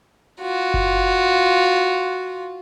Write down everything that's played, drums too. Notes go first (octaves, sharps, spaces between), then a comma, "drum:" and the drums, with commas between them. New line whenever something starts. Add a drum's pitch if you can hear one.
F4 F#4
drum: kick F#1